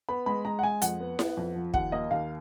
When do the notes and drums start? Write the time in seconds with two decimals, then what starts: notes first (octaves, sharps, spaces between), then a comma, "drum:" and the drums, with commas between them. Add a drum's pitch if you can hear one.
0.09 B3 B5
0.26 G#3 B5
0.45 G#3 A#5
0.59 F#5
0.63 G#3 G#5
0.82 F2 F#5, drum: hi-hat
1.00 B3
1.19 B3, drum: snare E4
1.37 F2
1.56 F3
1.74 D#2 F#5, drum: kick
1.92 A#3 D#5
2.11 D#2 F5